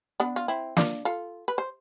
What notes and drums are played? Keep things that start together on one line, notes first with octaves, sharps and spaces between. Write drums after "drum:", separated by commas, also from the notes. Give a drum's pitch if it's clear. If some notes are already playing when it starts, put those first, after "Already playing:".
B3 D4
F4
C4 E4
D4 F4, drum: snare
F4 A4
B4
C5